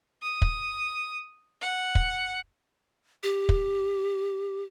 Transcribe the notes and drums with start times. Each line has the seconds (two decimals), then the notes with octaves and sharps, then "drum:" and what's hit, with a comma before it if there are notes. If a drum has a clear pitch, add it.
0.22 D#6
0.42 drum: kick
1.62 F#5
1.95 drum: kick
3.23 G4
3.49 drum: kick